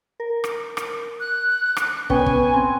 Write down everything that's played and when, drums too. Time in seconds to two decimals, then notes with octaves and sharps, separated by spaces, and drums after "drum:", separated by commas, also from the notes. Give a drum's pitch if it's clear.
0.20 A#4
0.44 drum: rim click
0.77 drum: rim click
1.20 F#6
1.77 drum: rim click
2.10 B3 C#4 G5 G#5 C#6, drum: kick
2.26 drum: kick
2.54 C4